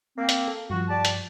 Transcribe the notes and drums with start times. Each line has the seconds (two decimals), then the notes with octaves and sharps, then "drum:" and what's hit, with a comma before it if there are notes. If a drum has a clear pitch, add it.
0.18 A#3 C4
0.29 drum: hi-hat
0.48 A4
0.70 G2 F3 F#4
0.89 G4 D5 A5
1.05 drum: hi-hat